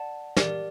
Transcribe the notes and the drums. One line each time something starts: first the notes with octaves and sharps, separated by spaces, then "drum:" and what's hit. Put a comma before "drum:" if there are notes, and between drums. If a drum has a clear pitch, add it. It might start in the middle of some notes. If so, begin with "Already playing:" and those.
Already playing: D5 F#5 A5
G4 A#4 D5, drum: snare